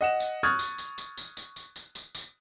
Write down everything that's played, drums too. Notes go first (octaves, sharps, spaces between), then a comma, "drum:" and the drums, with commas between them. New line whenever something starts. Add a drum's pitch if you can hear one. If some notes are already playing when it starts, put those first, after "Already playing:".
D#5 F#5 E7
drum: tambourine
C#6 D#6 F6 F#6 G#6 A6
drum: tambourine
drum: tambourine
drum: tambourine
drum: tambourine
drum: tambourine
drum: tambourine
drum: tambourine
drum: tambourine
drum: tambourine